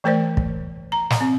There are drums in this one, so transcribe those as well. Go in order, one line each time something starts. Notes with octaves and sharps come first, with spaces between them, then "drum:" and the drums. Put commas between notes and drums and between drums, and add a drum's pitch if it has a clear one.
E3 A3 A#4 C5 D5
drum: kick
A#5
drum: snare
C4